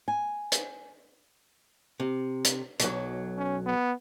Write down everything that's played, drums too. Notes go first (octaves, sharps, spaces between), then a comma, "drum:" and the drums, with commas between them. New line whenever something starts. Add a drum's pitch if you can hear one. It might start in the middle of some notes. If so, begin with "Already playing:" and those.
G#5
drum: hi-hat
C3
drum: hi-hat
B1 F#3, drum: hi-hat
C#4
B3